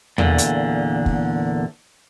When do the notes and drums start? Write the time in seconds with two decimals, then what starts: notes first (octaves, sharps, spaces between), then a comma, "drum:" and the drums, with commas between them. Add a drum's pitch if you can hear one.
0.18 E2 A#2 D3, drum: tom E2
0.38 drum: hi-hat
1.06 drum: kick